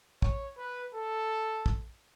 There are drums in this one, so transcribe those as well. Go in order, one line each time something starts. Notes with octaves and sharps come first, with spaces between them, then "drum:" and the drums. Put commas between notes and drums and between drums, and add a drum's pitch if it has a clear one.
C#5, drum: kick
B4
A4
drum: kick